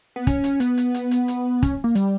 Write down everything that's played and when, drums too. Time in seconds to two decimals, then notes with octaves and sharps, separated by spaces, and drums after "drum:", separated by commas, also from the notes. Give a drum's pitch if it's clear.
0.16 B3
0.27 C#4, drum: kick, hi-hat
0.44 drum: hi-hat
0.60 B3, drum: hi-hat
0.77 drum: hi-hat
0.94 drum: hi-hat
1.11 drum: hi-hat
1.28 drum: hi-hat
1.63 C#4, drum: kick, hi-hat
1.84 A#3
1.95 G3, drum: hi-hat